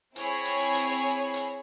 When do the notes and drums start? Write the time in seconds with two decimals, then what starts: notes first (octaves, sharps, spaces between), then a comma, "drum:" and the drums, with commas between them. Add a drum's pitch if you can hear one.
0.16 C4 E4 G#4 C#5, drum: hi-hat
0.45 drum: hi-hat
0.60 drum: hi-hat
0.75 drum: hi-hat
1.34 drum: hi-hat